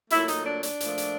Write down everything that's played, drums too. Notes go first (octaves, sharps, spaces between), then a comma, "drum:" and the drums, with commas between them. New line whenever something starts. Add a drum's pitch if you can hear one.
A#2 F#3 A3 E4, drum: hi-hat
D#4, drum: hi-hat
D4
D4, drum: hi-hat
A#2 F3 A3, drum: hi-hat
drum: hi-hat